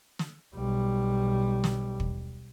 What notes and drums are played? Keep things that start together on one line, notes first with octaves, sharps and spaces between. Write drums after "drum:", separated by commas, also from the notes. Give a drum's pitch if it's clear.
drum: snare
B1 G3
drum: snare
drum: kick